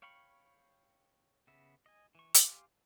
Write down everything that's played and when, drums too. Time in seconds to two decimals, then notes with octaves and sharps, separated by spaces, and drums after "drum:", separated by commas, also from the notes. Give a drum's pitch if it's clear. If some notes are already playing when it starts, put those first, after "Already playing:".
0.02 C#5 F5 G5 B5 C#6
1.47 C#3 B3 E5
1.86 D#5 G#5
2.15 E3 C#6
2.34 G4 F5 G#5 C6 D6, drum: hi-hat